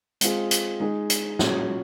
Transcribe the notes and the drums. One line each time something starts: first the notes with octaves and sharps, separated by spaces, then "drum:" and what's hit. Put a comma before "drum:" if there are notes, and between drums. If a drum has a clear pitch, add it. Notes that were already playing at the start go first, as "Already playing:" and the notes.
G#3 C4 F4 G#4, drum: hi-hat
drum: hi-hat
G#3 D#4 G#4
drum: hi-hat
A#2 F#3 C#4, drum: snare